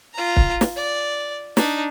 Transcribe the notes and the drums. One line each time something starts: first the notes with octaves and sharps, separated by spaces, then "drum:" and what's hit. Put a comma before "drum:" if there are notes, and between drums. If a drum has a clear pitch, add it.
F4 A#5
drum: kick
drum: snare
D5
D4 D#4, drum: snare